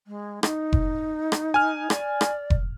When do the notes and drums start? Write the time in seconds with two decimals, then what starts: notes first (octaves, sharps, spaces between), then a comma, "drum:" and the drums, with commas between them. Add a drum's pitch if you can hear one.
0.07 G#3
0.43 D#4, drum: rim click
0.73 drum: kick F1
1.32 drum: rim click
1.54 G#5 F6
1.90 D5, drum: rim click
2.21 drum: rim click
2.50 drum: kick F1